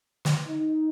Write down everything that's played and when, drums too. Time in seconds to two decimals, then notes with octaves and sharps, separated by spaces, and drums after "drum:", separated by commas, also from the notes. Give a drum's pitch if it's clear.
0.25 drum: snare
0.47 D#4